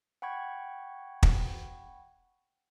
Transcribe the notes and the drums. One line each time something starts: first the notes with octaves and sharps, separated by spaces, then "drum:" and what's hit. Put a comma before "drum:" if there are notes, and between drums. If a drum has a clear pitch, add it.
F#5 G5 B5 C#6 G#6
drum: kick